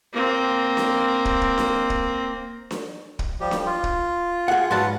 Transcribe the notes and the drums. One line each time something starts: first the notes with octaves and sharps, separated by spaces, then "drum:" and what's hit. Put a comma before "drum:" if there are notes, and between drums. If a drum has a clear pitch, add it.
A#3 C4
drum: snare D4
drum: kick
drum: kick
drum: snare D4
drum: kick
drum: snare D4
drum: kick
F3 G3 G4
drum: snare D4
F4
drum: kick
G#4 F#5
G#2 F#3 F4 B4 F#5 A5